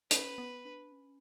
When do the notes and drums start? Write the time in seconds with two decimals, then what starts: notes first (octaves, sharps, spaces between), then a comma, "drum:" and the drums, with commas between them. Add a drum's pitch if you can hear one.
0.11 C#4 B4, drum: hi-hat
0.38 B3
0.65 D4
0.92 C#4